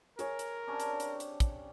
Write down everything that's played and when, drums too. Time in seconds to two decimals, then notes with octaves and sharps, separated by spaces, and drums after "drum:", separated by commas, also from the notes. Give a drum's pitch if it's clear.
0.19 G#4 A#4 C#5, drum: hi-hat
0.39 drum: hi-hat
0.67 C3 C#4 D4
0.80 drum: hi-hat
1.00 drum: hi-hat
1.20 drum: hi-hat
1.40 drum: kick, hi-hat